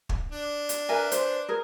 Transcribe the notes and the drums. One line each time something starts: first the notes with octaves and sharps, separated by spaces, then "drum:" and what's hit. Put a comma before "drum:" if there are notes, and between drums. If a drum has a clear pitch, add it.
drum: kick
D4
drum: hi-hat
A#4 B4 E5 G#5
C5, drum: hi-hat
G#4 A#4